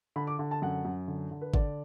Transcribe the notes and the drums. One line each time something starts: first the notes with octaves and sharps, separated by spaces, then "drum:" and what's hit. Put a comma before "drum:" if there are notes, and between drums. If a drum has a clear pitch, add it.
D3 B5
D6
D3
A5
F#2 F#5
F#2
D3
D3
B4
D3 D5, drum: kick G#1